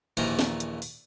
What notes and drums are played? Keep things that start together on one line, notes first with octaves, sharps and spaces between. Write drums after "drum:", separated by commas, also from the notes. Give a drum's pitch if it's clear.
A#1 D#2 A#2 E3 F3 A#5, drum: hi-hat
drum: snare
drum: hi-hat
drum: open hi-hat